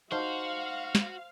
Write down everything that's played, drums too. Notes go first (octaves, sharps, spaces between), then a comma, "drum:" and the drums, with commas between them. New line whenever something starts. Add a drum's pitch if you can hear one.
D#4 F#4 C5 F5 A5
drum: snare